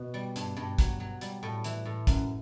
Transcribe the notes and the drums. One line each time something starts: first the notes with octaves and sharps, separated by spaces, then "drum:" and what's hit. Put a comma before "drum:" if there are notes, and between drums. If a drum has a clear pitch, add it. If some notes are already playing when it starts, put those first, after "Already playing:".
Already playing: B2
G3
G2, drum: hi-hat
G2
F#3, drum: kick, hi-hat
F#3
G3, drum: hi-hat
A2
E3, drum: hi-hat
A2
F#2, drum: kick, hi-hat